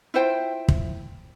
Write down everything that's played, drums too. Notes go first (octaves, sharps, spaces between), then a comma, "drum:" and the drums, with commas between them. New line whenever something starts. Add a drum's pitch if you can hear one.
E4 F4 C5 G5
drum: kick